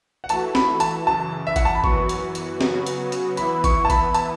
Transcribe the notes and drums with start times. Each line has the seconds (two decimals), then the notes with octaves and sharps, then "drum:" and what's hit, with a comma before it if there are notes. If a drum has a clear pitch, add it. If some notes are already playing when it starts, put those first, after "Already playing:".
0.24 F#5
0.29 E3 A3 F#4 A5, drum: hi-hat
0.55 B5, drum: snare
0.80 A5, drum: hi-hat
1.07 F#2 C#3 E3 A5
1.47 E5
1.56 F#5, drum: kick, hi-hat
1.65 A5
1.75 B5
1.84 F#2 E3 B3 F#4 C#6, drum: kick
2.09 drum: hi-hat
2.35 drum: hi-hat
2.61 C#3 F#3 B3 F#4, drum: snare
2.87 drum: hi-hat
3.12 drum: hi-hat
3.37 E3 B3 E4 B5, drum: hi-hat
3.64 C#6, drum: kick, hi-hat
3.85 A5
3.90 B5, drum: kick, hi-hat
4.14 A5, drum: hi-hat